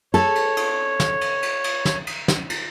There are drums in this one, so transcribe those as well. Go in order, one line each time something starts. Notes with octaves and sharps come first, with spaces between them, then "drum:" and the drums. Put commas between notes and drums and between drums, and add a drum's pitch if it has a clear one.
A4 C#5, drum: cymbal
drum: cymbal
drum: cymbal
drum: snare
drum: cymbal
drum: cymbal
drum: cymbal
drum: snare
drum: cymbal
drum: snare
drum: cymbal